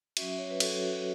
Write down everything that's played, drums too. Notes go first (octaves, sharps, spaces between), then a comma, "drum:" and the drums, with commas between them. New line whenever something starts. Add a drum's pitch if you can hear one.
F#3 C#4 F#4 E5, drum: cymbal
E5
C#5
B4
F#3 C#4 F#4 A4, drum: cymbal
F#4